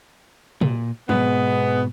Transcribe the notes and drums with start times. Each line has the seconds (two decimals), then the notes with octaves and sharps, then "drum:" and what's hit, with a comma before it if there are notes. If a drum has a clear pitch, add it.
0.61 A#2, drum: tom B2
1.09 G#2 B2 G#3 B3, drum: tom F3